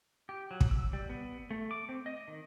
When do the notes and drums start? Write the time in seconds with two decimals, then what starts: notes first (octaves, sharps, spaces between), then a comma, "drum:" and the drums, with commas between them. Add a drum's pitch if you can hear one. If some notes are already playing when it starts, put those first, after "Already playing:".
0.29 G4
0.51 F#3
0.61 drum: kick
0.71 E6
0.93 G3
1.10 B3
1.51 A3
1.71 D6
1.89 C4
2.06 D#5
2.28 D#3